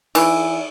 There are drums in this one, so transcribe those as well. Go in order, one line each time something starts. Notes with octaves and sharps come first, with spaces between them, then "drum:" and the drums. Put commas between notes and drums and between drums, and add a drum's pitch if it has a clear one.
E3, drum: cymbal